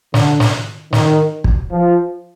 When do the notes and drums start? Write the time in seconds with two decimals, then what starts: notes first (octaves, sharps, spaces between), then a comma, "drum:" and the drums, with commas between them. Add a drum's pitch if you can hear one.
0.14 D3, drum: snare
0.40 drum: snare
0.93 D#3, drum: snare
1.44 drum: kick
1.71 F3